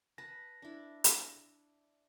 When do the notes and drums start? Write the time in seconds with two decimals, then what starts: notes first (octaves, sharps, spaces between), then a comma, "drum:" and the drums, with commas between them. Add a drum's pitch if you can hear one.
0.18 B4 A5 A#6
0.62 D4 E4
1.04 drum: hi-hat